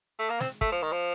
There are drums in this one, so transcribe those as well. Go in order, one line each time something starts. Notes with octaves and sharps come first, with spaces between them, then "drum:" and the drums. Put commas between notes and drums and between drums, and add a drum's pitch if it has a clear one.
A3
A#3
C4, drum: snare
A3, drum: kick
F3
D#3
F3